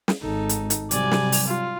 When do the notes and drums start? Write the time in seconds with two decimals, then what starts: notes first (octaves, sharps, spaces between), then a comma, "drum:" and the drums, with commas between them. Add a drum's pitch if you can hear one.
0.08 drum: snare
0.21 G#1 D#4 A4
0.49 drum: hi-hat
0.70 drum: hi-hat
0.91 C3 F#3 G3 D5 G#5, drum: hi-hat
1.12 drum: snare
1.32 drum: open hi-hat
1.47 F4